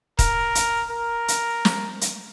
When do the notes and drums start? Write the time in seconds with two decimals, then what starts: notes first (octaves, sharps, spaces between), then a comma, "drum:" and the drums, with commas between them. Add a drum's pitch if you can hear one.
0.19 A#4, drum: kick D#1, hi-hat
0.55 drum: hi-hat
0.91 A#4
1.28 drum: hi-hat
1.65 drum: snare
2.01 drum: hi-hat